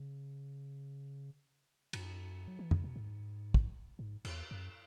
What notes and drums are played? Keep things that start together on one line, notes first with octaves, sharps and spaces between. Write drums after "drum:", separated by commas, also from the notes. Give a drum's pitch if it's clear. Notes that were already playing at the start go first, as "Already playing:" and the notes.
Already playing: C#3
F#2, drum: cymbal
F#3
E3
C#3, drum: tom F2
B2
G#2
drum: kick
G#2
E2, drum: cymbal
F#2